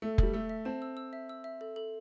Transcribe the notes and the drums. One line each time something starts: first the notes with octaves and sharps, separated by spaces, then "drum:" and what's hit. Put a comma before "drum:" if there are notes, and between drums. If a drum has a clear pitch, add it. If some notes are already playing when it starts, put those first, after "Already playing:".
A3 E6
G3 A4, drum: kick F1
A3 E6
E5
C4 A5
E6
E6
E5
E6
E5
A4
A4